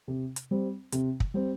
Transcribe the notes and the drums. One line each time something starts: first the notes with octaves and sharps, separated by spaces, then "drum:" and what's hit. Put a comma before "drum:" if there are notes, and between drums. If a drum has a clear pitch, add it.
C3
drum: hi-hat
G3 C4
C3, drum: hi-hat
drum: kick
G3 C4